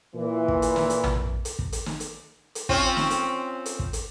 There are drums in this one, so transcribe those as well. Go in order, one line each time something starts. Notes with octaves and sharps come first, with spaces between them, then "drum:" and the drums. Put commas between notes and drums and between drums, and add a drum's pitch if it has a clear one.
A#2 E3
drum: kick
drum: hi-hat
drum: snare
drum: hi-hat
drum: tom A#1
drum: hi-hat
drum: kick
drum: hi-hat
drum: snare
drum: hi-hat
drum: hi-hat
C4 C#4 F4, drum: kick
drum: snare
drum: hi-hat
drum: hi-hat
drum: kick
drum: hi-hat